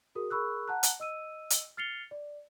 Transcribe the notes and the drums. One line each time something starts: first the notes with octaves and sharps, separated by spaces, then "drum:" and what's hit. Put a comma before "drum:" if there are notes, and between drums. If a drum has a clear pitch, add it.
F#4 G#4 A#4 D#6
G#4 A#4 B5 C#6 E6 F#6
F#5 A5 A#5 F#6
drum: hi-hat
D#5 E6 D#7
drum: hi-hat
F6 A6 C7 C#7 F7 G7
D5